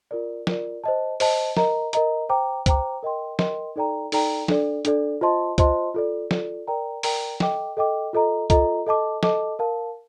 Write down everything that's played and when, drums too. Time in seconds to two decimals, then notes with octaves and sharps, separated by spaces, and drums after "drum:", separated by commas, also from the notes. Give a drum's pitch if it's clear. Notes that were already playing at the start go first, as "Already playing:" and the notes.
0.11 F4 A#4 D5
0.47 F4 A#4 D5, drum: snare
0.84 C5 D#5 A5
1.20 C5 D#5 A5, drum: open hi-hat
1.57 A#4 D#5 A#5, drum: snare
1.93 A#4 D#5 A#5, drum: hi-hat
2.29 C5 G5 A#5 D6
2.66 C5 G5 A#5 D6, drum: kick, hi-hat
3.03 A#4 D#5 G5 C6
3.39 A#4 D#5 G5 C6, drum: snare
3.76 D#4 A4 D5 G5 A#5
4.12 D#4 A4 D5 G5 A#5, drum: open hi-hat
4.48 D4 A4 D5, drum: snare
4.85 D4 A4 D5, drum: hi-hat
5.21 F4 C5 D#5 A5 C6
5.58 F4 C5 D#5 A5 C6, drum: kick, hi-hat
5.94 F4 A4 D5
6.31 F4 A4 D5, drum: snare
6.67 A#4 D5 G5 A#5
7.03 A#4 D5 G5 A#5, drum: open hi-hat
7.40 A4 D#5 G5 D6, drum: snare
7.77 A4 D#5 G5 D6
8.13 F4 A4 D#5 A#5
8.50 F4 A4 D#5 A#5, drum: kick, hi-hat
8.86 A4 D#5 A5 D6
9.23 A4 D#5 A5 D6, drum: snare
9.59 A#4 F5 A5